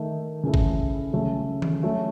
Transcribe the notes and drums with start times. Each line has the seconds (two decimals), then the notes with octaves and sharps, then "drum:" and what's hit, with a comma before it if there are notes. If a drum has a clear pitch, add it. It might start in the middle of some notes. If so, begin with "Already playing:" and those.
Already playing: D#3 A3 D#4 A4
0.43 C#3 E3 A3 E4
0.54 drum: kick
1.13 C#3 F#3 A3
1.62 drum: tom D#3
1.83 F#3 A3 C#4